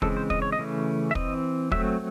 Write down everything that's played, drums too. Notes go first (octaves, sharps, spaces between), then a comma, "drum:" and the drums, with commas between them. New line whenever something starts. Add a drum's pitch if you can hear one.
C#3 E3 G#3 C4 A4, drum: kick
C5
D#5, drum: kick
C#5
D#5
C#3 E3 A3 C#4
E5
E3 C4 D#5, drum: kick
F#3 A3 C4 E5, drum: kick